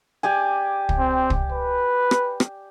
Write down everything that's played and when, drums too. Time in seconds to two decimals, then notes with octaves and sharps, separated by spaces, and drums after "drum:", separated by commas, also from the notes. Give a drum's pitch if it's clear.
0.23 G4 D5 G#5
0.89 drum: kick
0.99 C4
1.30 drum: kick
1.52 B4
2.11 drum: rim click
2.40 drum: rim click